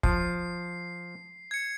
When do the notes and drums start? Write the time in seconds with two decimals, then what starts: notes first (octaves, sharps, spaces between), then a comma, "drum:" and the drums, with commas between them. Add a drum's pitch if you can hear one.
0.03 F3 C7, drum: kick
1.51 G#6 C#7